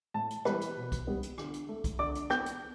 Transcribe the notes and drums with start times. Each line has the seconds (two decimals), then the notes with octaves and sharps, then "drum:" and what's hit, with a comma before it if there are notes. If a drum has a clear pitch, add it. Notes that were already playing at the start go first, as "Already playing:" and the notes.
0.14 A2 A5
0.30 drum: hi-hat
0.45 E3 G3 B3 B4 B5, drum: rim click
0.61 drum: hi-hat
0.77 B2
0.92 drum: kick C2, hi-hat
1.07 G3 B3
1.23 drum: hi-hat
1.38 D3, drum: rim click
1.53 drum: hi-hat
1.69 A3
1.84 drum: kick C2, hi-hat
1.99 D3 D5 D6
2.15 drum: hi-hat
2.30 B3 G5 G6, drum: rim click
2.46 drum: hi-hat